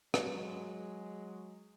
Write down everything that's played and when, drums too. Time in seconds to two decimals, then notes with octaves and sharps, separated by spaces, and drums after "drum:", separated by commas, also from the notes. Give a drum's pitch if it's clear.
0.14 F#3 G#3, drum: rim click